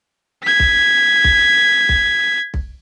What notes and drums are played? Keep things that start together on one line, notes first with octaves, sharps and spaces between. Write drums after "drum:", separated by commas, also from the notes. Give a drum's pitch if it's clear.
G#6 B6
drum: kick B1
drum: kick B1
drum: kick B1
drum: kick B1